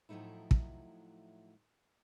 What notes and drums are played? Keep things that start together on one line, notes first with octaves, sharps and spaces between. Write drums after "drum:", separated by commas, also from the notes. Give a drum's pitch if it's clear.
A2 F3 F#3 A3 D#4 E4
drum: kick